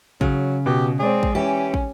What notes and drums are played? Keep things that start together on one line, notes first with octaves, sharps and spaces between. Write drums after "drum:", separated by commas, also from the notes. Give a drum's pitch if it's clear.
C#3 F#3, drum: kick
B2 G4
G#3 C4 G#4 C#5 D5
drum: kick
E3 C#4 G4
drum: kick